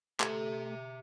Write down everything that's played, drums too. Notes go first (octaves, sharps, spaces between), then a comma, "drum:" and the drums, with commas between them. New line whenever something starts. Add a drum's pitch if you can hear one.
A3 G4 E5, drum: clap